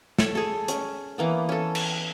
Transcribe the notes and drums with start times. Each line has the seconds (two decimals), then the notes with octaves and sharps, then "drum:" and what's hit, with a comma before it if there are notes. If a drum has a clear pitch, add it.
0.18 A4 C#5, drum: snare
0.35 G#4 A4
0.68 C#4, drum: hi-hat
1.18 E3 A#3 B3
1.49 C#4 A4
1.75 drum: cymbal